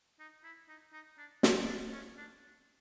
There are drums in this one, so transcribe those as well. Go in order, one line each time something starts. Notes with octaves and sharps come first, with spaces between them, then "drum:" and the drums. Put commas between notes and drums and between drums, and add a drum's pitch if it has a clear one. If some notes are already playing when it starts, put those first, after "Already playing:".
D#4
E4
D#4
D#4
D4
C#4, drum: snare
D4
C#4
D4